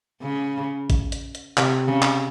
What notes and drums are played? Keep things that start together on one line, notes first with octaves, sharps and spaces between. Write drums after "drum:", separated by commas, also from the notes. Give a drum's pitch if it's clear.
C#3
drum: kick, hi-hat
drum: hi-hat
drum: hi-hat
C3, drum: clap
C#3
drum: clap